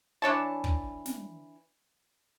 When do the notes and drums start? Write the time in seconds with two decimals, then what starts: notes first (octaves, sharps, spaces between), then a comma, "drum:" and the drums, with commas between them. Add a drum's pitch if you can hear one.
0.22 E3 D4 C#5 A5
0.64 drum: kick
1.06 drum: snare